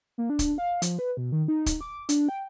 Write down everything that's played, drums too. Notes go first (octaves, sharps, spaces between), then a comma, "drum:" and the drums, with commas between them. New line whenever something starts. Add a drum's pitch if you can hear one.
A#3
D4
drum: kick, hi-hat
F5
F3, drum: hi-hat
B4
B2
D#3
D#4
drum: kick, hi-hat
D6
D4, drum: hi-hat
G5